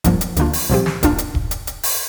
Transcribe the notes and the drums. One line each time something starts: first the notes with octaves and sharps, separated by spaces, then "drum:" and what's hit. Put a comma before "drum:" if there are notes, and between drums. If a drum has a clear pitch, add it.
G2 F3 A#3, drum: kick, hi-hat
drum: hi-hat
D2 D3 A#3 D4 F4, drum: hi-hat
drum: open hi-hat
C2 A#2 F3 C4 G4
drum: snare
A#2 A#3 D4 F4, drum: kick, hi-hat
drum: hi-hat
drum: kick
drum: hi-hat
drum: hi-hat
drum: open hi-hat